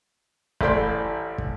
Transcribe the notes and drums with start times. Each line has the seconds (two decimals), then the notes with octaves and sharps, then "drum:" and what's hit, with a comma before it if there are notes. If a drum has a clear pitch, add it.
0.61 A1 A3 C5 D5 B5 C6, drum: kick
1.38 drum: kick